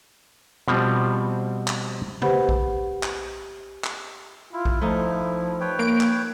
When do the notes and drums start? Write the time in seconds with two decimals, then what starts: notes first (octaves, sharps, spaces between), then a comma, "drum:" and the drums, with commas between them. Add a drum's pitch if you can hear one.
0.68 B2 F3 G3 C4
1.68 drum: clap
2.22 G4 B4 C5 F#5 B5, drum: tom
2.49 drum: kick A#1
3.03 drum: clap
3.84 drum: clap
4.53 E4 F4
4.65 drum: kick A#1
4.81 F3 A3 D#4
5.61 B4 C#5 G5
5.79 A#3 D7
6.01 drum: clap